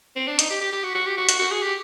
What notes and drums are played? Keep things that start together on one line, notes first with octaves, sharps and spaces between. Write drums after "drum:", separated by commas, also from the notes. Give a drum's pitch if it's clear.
C4
D4
D#4, drum: hi-hat
G4
G4
G4
F#4
F#4
G4
F#4
F#4, drum: hi-hat
F#4
G#4
G4